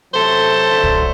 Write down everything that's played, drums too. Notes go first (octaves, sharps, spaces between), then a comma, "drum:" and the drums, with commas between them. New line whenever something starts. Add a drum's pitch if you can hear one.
C3 F#3 A3 A4 C5
D3 F#3 A3
drum: kick